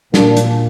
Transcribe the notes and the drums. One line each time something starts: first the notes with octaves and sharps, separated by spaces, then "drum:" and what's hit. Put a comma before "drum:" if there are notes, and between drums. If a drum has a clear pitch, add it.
A#2 A#3 D4, drum: snare
drum: hi-hat